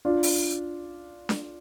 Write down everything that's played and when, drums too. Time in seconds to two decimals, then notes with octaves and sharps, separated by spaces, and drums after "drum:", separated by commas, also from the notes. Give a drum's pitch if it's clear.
0.05 D4 F4
0.23 drum: open hi-hat
1.29 drum: snare D4